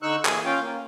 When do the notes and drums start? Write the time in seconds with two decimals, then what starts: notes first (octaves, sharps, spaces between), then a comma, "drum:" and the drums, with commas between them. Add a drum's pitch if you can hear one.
0.02 D3 D#4 C#6 E6 F#6
0.25 A#2 E3 G#4 G#5, drum: clap
0.45 C#4 F4 F5 G5
0.61 A#3